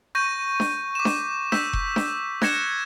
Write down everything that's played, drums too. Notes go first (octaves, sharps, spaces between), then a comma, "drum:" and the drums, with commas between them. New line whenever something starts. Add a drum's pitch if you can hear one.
C#6 G6 A#6 D#7
drum: snare D4
D6 E7
drum: snare D4
E6 G6 B6 E7, drum: snare D4
drum: kick F1
drum: snare D4
F#6 G#6 A#6 C#7 E7, drum: snare D4